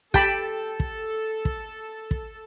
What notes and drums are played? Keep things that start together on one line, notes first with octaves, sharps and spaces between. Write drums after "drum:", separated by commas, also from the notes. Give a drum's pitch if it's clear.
G4 A4 G5 A5 B5, drum: kick
drum: kick
drum: kick
drum: kick